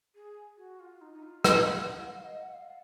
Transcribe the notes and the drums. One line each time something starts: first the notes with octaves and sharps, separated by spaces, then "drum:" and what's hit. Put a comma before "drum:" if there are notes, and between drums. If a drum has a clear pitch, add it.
G#4
F#4
F4
D#4
D#4
F4
D#5, drum: rim click
F5
F#5
F#5
F5
D#5
F#5
F5